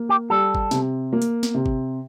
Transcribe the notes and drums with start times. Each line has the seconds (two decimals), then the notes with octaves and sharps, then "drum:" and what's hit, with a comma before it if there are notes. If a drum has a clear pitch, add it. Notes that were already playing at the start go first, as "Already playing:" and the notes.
Already playing: A#3
0.09 G4
0.30 G3 A4
0.55 drum: kick G1
0.71 C3, drum: snare
1.13 A#3
1.22 drum: hi-hat
1.43 drum: snare
1.54 C3
1.66 drum: kick G1